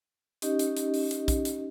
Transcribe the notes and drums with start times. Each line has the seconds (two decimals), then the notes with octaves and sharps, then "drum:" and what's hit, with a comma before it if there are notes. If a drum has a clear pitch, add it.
0.42 C#4 D#4 G4 D#5, drum: hi-hat
0.59 drum: hi-hat
0.77 drum: hi-hat
0.94 drum: open hi-hat
1.11 drum: hi-hat
1.28 drum: kick, hi-hat
1.45 drum: hi-hat